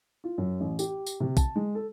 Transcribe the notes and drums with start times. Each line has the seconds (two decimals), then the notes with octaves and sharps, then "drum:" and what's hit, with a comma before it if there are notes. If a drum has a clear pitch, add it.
0.24 F4
0.38 F#2
0.61 A1
0.79 G4, drum: tambourine
1.06 drum: tambourine
1.20 C3
1.37 A5, drum: kick, tambourine
1.56 G#3
1.75 A4